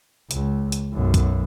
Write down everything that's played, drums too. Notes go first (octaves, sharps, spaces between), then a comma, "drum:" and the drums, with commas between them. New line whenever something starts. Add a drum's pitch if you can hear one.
C#2, drum: hi-hat
drum: hi-hat
B1 F#2
drum: kick, hi-hat